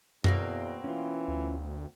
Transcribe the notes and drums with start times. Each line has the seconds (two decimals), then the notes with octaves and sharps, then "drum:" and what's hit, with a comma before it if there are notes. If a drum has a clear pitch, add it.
0.24 E2 B2 A#3 C4, drum: tom F#2
0.84 E3 C#4 F4
1.28 D2